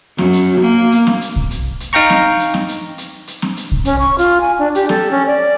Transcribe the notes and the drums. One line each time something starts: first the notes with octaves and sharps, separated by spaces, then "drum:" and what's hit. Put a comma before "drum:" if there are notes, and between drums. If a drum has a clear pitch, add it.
F#2, drum: snare C4
drum: hi-hat
A#3
drum: hi-hat
drum: snare C4
drum: hi-hat
drum: kick
drum: hi-hat
drum: hi-hat
D#4 F5 G5 A#5 C#6
drum: snare C4
drum: hi-hat
drum: snare C4
drum: hi-hat
drum: hi-hat
drum: hi-hat
drum: snare C4
drum: hi-hat
drum: kick
C#4, drum: hi-hat
C#6
F4, drum: hi-hat
G#5
D4
G4, drum: hi-hat
A4, drum: snare C4
C#4
D5